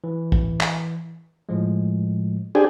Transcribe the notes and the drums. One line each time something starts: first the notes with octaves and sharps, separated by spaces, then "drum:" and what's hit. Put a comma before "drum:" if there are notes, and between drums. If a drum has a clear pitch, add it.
E3
drum: kick
drum: clap
A2 F3 G#3
D4 G4 G#4 C5